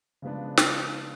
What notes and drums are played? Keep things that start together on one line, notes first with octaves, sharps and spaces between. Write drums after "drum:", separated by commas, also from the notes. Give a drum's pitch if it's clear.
C#3 F3 G#3 B3 D4
drum: snare